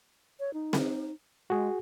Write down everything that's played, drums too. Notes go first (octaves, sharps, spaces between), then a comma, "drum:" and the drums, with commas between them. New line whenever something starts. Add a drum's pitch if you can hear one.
C#5
D#4
drum: snare C4
G#3 F#4 G#4